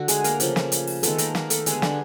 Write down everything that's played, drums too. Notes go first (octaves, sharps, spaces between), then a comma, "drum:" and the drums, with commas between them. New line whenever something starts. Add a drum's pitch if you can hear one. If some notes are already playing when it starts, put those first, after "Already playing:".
Already playing: D3 A3 F#4
G#3 G#4, drum: hi-hat
A#3 A#4, drum: hi-hat
C#3 F3 A3, drum: hi-hat
drum: snare
drum: hi-hat
drum: open hi-hat
D#3 G#3 A3 B3 A4, drum: hi-hat
A#3 A#4, drum: hi-hat
A#3 A#4, drum: snare
A3 A4, drum: hi-hat
D3 G3 G#3 B3 G#4, drum: hi-hat
D3 D4, drum: snare